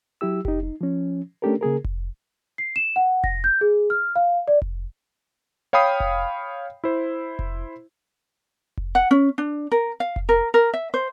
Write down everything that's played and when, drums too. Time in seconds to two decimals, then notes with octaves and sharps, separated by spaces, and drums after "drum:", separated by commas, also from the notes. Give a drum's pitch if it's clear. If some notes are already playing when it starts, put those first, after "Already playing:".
0.21 F#3 E4 G4 E6
0.45 D#4 G4, drum: kick F1
0.63 D#4
0.81 F3 C#4
1.42 A3 C#4 D4 G4 A4 A#4
1.61 C#3 A#3 G#4 A#4
1.85 drum: kick F1
2.58 C7
2.76 E7
2.96 F#5
3.24 A#6, drum: kick F1
3.44 G6
3.61 G#4
3.90 F6
4.16 F5
4.48 D5
4.62 drum: kick F1
5.73 C#5 F5 G5 B5 D#6 C7
6.00 drum: kick F1
6.84 E4 C5
7.39 drum: kick F1
8.78 drum: kick F1
8.95 F#5
9.11 C#4
9.38 D4
9.72 A#4
10.00 F5
10.16 drum: kick F1
10.29 A#4
10.54 A#4
10.74 E5
10.94 C5